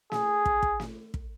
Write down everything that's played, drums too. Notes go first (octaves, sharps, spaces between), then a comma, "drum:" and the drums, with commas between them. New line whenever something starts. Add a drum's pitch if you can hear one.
G#4, drum: snare
drum: kick
drum: kick
drum: snare
drum: kick